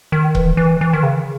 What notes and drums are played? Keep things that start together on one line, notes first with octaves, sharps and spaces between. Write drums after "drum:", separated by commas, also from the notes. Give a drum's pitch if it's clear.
D#3
E3, drum: kick C#1
E3
E3
D#3
C#3